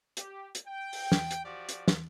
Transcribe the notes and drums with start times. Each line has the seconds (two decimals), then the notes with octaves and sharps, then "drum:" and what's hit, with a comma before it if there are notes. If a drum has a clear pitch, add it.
0.17 G4, drum: hi-hat
0.55 drum: hi-hat
0.67 G5
0.93 drum: open hi-hat
1.12 drum: snare
1.31 drum: hi-hat
1.44 F3 F#4 G4 D5
1.69 drum: hi-hat
1.88 drum: snare